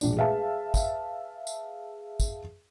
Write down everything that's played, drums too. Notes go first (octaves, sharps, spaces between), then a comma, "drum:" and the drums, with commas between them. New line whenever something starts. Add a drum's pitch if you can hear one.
E1 A#1 D4, drum: tambourine
G#4 B4 E5 F5 A5
drum: kick, tambourine
drum: tambourine
drum: kick, tambourine